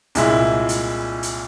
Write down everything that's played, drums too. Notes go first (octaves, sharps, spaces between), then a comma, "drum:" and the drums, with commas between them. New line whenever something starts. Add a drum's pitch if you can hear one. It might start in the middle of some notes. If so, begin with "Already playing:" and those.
C2 A#2 G#3 E4, drum: hi-hat
drum: hi-hat
drum: hi-hat